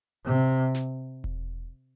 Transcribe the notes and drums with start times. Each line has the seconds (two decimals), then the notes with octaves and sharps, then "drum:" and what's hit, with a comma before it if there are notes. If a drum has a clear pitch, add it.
0.25 C3
0.74 drum: snare
1.24 drum: kick E1